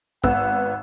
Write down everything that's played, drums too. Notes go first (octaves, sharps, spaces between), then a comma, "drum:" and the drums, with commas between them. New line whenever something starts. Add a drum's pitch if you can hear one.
G#1 B3 F#5 E6, drum: kick